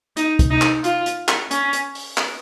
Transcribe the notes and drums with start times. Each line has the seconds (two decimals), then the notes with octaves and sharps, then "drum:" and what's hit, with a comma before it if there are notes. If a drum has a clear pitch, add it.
0.17 D#4, drum: hi-hat
0.39 drum: kick, hi-hat
0.50 D#4
0.61 drum: clap
0.84 F4, drum: hi-hat
1.06 drum: hi-hat
1.28 drum: clap
1.51 C#4, drum: hi-hat
1.73 drum: hi-hat
1.95 drum: open hi-hat
2.17 drum: clap